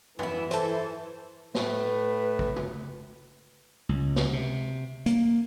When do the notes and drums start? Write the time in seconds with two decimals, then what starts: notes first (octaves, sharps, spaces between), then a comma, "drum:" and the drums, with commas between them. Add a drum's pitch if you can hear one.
0.19 E3 B3 E4, drum: tom
0.51 A4 C5, drum: hi-hat
1.55 A2 A3 B4, drum: snare
2.39 drum: kick
2.56 drum: tom
3.89 C#2
4.16 drum: snare
4.33 C3
5.06 A#3, drum: hi-hat